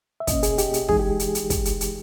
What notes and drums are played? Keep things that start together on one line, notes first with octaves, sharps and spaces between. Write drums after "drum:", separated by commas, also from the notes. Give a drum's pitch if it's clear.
E5
B2 A#3 C#4 D#5, drum: kick, hi-hat
G#4, drum: hi-hat
G4, drum: hi-hat
drum: hi-hat
E3 G#3 D#4 G#4, drum: kick
G4
drum: hi-hat
drum: hi-hat
drum: kick, hi-hat
drum: hi-hat
drum: hi-hat